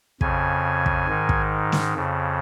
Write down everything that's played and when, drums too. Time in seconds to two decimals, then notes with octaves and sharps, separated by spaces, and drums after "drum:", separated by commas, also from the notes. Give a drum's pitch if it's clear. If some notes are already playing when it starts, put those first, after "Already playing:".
0.21 F2 C#3 G#5, drum: kick
0.86 drum: kick
1.07 G#2 D#3
1.29 drum: kick
1.72 drum: snare
1.94 F2 C#3